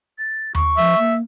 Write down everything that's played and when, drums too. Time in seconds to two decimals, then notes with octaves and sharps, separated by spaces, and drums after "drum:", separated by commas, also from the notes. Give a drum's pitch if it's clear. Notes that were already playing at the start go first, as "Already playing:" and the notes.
0.18 A6
0.55 C#6, drum: tom D#2
0.77 F3 E5
0.99 A#3